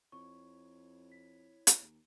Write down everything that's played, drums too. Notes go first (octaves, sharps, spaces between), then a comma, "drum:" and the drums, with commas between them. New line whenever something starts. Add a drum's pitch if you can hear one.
F2 E4 C#5 C#6
B6
drum: hi-hat
D#2